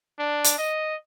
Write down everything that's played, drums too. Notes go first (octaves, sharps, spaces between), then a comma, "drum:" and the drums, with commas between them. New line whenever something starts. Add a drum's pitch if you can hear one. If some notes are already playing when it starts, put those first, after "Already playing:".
D4
drum: hi-hat
D#5